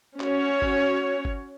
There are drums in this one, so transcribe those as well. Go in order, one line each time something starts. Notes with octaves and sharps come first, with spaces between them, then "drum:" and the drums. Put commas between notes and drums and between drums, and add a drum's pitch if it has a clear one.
C#4 F#4 C#5, drum: clap
drum: kick
drum: kick